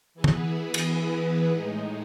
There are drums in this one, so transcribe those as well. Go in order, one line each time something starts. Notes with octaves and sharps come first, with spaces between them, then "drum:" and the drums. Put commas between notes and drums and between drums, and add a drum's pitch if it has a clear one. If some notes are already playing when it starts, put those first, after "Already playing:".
E3 B3 E4 G#4 B4
drum: tom
drum: cymbal
A2 G#3 D#4